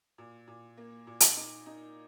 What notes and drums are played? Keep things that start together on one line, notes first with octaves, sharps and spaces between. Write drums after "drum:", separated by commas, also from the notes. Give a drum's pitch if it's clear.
A#2
A#2
A#3
A#2
drum: hi-hat
D#4
D#4